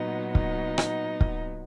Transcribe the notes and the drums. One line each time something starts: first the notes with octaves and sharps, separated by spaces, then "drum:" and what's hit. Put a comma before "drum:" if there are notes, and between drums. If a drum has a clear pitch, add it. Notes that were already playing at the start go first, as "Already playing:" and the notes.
Already playing: A#2 F#3 B3 D#4
D#4, drum: kick
drum: rim click
drum: kick